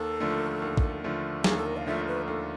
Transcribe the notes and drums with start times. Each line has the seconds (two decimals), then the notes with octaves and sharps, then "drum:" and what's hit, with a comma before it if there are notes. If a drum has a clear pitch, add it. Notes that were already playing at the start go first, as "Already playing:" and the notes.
Already playing: D#2 A4
0.20 D3 F3 A3
0.62 D#2
0.77 drum: kick
1.04 D3 F3 A3
1.44 D#2 G#4, drum: snare
1.57 A4
1.66 A#4
1.77 F5
1.86 D3 F3 A3 E5
2.07 B4
2.27 D#2 A4